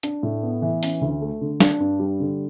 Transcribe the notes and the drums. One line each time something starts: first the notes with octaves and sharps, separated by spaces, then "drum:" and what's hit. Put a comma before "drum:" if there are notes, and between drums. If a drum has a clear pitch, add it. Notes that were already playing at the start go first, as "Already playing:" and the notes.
D4, drum: hi-hat
A2
B3
E3
C#4, drum: open hi-hat
D2
A3
D3
D4, drum: snare
G2
G3
D3